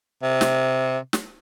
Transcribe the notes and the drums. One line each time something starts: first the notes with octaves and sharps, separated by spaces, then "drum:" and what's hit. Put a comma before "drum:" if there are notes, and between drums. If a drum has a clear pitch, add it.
C3
drum: snare
drum: snare